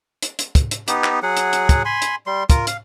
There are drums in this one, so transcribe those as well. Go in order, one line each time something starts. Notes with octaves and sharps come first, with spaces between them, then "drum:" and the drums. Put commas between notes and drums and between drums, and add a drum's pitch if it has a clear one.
drum: hi-hat
drum: hi-hat
drum: kick, hi-hat
drum: hi-hat
B3 D#4 G4, drum: hi-hat
drum: clap
F#3 G#4 F#5
drum: hi-hat
drum: hi-hat
drum: kick, hi-hat
G#5 B5 C6
drum: hi-hat
G3 C6
F4 A#4, drum: kick, hi-hat
F5, drum: hi-hat